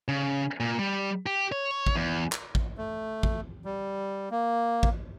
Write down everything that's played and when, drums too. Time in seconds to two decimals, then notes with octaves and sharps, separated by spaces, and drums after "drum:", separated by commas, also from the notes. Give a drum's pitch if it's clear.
0.08 C#3
0.60 A#2
0.79 G3
1.26 G4
1.52 C#5
1.87 drum: kick A1
1.96 E2
2.32 drum: clap
2.55 drum: kick A1
2.78 A3
3.23 drum: kick A1
3.65 G3
4.31 A#3
4.83 drum: kick A1